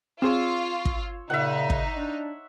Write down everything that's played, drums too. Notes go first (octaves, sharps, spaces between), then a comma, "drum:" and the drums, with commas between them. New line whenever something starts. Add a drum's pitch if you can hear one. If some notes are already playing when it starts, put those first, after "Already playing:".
C4 F4 G#4 C#5 C6 E6
drum: kick
A#2 C#3 D#4 E5 F#5
drum: kick
D4